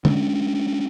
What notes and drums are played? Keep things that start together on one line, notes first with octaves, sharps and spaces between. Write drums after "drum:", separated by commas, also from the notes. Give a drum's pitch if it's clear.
G#3 C#4 D4, drum: tom